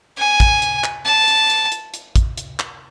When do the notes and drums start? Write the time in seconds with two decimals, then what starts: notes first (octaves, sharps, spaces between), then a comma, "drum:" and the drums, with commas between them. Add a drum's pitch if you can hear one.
0.18 G#5
0.40 drum: kick, hi-hat
0.62 drum: hi-hat
0.84 drum: clap
1.05 A5
1.28 drum: hi-hat
1.50 drum: hi-hat
1.72 drum: hi-hat
1.94 drum: hi-hat
2.16 drum: kick, hi-hat
2.37 drum: hi-hat
2.59 drum: clap